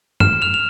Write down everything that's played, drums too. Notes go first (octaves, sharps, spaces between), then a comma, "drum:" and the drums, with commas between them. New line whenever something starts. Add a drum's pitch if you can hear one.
F6 E7, drum: tom F#2
F6 F7
F7